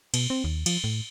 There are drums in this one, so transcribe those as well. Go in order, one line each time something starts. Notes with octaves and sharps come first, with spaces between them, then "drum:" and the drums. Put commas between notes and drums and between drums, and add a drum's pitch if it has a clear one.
B2, drum: cymbal
C4
D#2
F3, drum: cymbal
A2